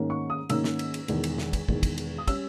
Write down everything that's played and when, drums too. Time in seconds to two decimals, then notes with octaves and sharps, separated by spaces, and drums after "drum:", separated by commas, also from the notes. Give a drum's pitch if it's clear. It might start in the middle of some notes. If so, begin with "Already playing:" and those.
Already playing: G#2 D#3 A#3 C#4
0.10 C#6
0.30 D#6
0.50 G#2 D#3 A#3 C#4 E6, drum: cymbal
0.64 drum: snare
0.79 drum: cymbal
0.94 drum: cymbal
1.08 E1 E2 D#3, drum: cymbal
1.24 drum: cymbal
1.38 drum: snare
1.53 drum: kick, cymbal
1.68 E1 E2 D#3, drum: kick
1.83 drum: kick, cymbal
1.98 drum: cymbal
2.18 D#6
2.28 G3 C#4 E6, drum: kick, cymbal